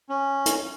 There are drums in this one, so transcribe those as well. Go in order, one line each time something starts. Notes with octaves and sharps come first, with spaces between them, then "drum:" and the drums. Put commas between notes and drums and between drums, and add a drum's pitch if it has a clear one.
C#4
drum: hi-hat